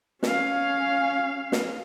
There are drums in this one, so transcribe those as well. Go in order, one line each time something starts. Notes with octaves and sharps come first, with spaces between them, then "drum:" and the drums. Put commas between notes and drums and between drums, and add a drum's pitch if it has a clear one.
C#4 F5, drum: snare
drum: snare